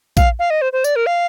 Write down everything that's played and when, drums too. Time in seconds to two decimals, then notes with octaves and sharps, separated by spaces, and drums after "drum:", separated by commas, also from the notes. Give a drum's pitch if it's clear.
0.17 F5, drum: kick A#1, tambourine
0.39 F5
0.50 D#5
0.62 C5
0.73 C5
0.84 D5, drum: tambourine
0.96 A#4
1.06 F5